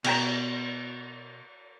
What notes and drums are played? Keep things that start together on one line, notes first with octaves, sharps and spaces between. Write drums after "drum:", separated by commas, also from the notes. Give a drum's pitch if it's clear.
B2 G5 A#5, drum: cymbal